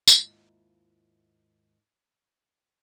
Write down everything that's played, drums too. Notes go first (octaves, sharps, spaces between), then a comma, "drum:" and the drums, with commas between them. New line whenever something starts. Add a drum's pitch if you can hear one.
D#2 G#2 E4 F4, drum: tambourine